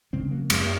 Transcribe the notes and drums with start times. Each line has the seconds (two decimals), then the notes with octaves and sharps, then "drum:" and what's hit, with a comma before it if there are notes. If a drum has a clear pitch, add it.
0.13 C#3 G#3 C4
0.31 F#3 A#3
0.50 F#2 G#3 C4, drum: cymbal
0.63 A#3